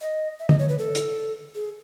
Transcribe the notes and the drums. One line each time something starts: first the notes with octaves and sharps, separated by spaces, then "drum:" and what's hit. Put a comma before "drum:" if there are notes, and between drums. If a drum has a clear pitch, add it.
D#5
E5
D#5, drum: tom D3
C#5
B4
A4
drum: hi-hat
G#4